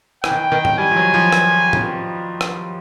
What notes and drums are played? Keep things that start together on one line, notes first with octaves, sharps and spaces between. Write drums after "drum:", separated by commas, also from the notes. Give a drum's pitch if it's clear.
E3 G5, drum: rim click
D#3
E3
D#3
drum: tom
G3 G#5
F3
F#3
F3
drum: rim click
drum: tom
drum: rim click